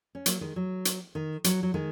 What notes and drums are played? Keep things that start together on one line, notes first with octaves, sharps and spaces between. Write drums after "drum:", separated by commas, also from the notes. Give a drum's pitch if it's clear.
C#4
F#3 A#3, drum: hi-hat
D#3 G#3
F#3
drum: hi-hat
D#3
F#3, drum: hi-hat
F#3
D#3 G#3